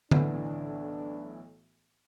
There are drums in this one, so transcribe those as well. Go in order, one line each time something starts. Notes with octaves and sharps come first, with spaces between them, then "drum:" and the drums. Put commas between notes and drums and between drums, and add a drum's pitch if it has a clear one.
B1 A2 E3 B3 D4 E4, drum: tom D3